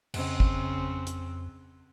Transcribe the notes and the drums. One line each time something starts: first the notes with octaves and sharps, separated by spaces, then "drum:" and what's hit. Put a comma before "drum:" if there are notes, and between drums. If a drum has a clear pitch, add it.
F2 C#3 C4, drum: cymbal
drum: kick
drum: hi-hat